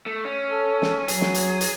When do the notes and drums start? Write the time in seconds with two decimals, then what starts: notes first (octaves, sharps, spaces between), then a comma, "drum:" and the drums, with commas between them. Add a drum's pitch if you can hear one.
0.06 A3
0.25 C#4
0.50 A4
0.82 drum: snare
1.08 F#3 G#4, drum: hi-hat
1.21 drum: snare
1.34 drum: hi-hat
1.61 drum: hi-hat